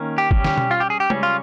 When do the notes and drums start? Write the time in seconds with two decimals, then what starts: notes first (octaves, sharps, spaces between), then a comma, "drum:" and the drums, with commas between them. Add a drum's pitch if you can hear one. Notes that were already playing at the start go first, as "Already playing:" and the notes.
Already playing: D#3 A#3 C#4
0.18 G4
0.31 G3 C#4, drum: kick
0.44 drum: snare
0.58 drum: tom B2
0.71 F4
0.80 G4
0.90 G#4
1.00 G4
1.10 C#3 G3 C#4, drum: tom G#3
1.23 F4